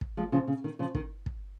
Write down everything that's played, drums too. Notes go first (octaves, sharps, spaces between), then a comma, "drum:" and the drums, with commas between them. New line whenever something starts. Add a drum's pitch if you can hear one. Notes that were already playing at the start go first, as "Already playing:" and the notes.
drum: kick
F3 G#3
C#3 F3
C#3
D#3
C#3 F3
D#3, drum: kick
drum: kick